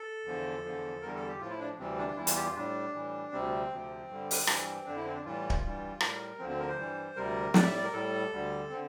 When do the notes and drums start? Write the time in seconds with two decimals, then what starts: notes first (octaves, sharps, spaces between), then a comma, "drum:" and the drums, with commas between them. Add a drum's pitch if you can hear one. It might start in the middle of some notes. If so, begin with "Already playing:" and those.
Already playing: A4
0.25 E2 D3 F3
0.64 E2 D3 F3
1.02 E2 D3 G3 A#4
1.15 A4
1.28 G4
1.40 A2 F3 F4
1.50 E4
1.59 D4
1.78 D2 C3 E3 G3 C4
1.98 D4
2.10 F4
2.17 E2 E3 G3 E4
2.27 F4, drum: hi-hat
2.36 G4
2.46 F4
2.55 A2 G3 D4
2.93 A2 E3 G3
3.32 D2 C3 G3 C4
3.71 D2 C3 F3
4.09 G2 D3 G3
4.31 drum: open hi-hat
4.47 G2 E3 G3, drum: rim click
4.85 F2 D3 F3 D4
4.96 E4
5.05 C4
5.14 D4
5.24 A2 E3 G3 F4
5.50 drum: kick D1
5.63 G2 E3 G3
6.00 A2 G3 A#4, drum: rim click
6.39 D2 D3 F3 C4
6.49 C4
6.59 A#4
6.68 C5
6.78 G2 E3 G3
7.16 D2 C3 G3 A#4
7.54 A2 G3 D5, drum: snare
7.64 E5
7.74 D5
7.84 A#4
7.93 A2 G3 A4
8.32 D2 D3 G3
8.70 D3 C4